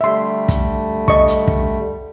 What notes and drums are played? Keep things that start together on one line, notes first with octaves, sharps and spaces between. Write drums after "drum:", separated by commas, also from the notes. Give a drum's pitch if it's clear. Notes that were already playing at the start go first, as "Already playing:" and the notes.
D3 G3 A3 E5 C6
drum: kick, hi-hat
D#5 C#6, drum: kick
drum: hi-hat
drum: kick